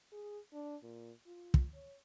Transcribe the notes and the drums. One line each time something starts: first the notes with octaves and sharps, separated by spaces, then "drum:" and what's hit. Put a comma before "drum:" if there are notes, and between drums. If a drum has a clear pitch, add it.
G#4
D4
A#2
F4
drum: kick
C#5